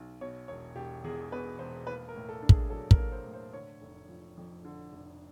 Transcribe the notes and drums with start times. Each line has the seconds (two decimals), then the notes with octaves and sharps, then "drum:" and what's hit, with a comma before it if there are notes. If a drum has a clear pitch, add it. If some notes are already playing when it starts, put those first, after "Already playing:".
Already playing: B1
0.21 B2 C#5
0.48 E1 C#5
0.76 E1 G4
1.04 E2 G#4
1.32 B2 B4
1.59 E1 C5
1.87 A#3 B4
2.09 A#4
2.15 A2
2.29 A4
2.42 D4
2.49 G#4, drum: kick
2.70 F#3 A4
2.91 A#4, drum: kick
2.98 A#3
3.12 C5
3.26 A2
3.34 C5
3.53 D3 C#5
3.81 F1
4.09 F3
4.38 F2
4.65 D3
4.93 F1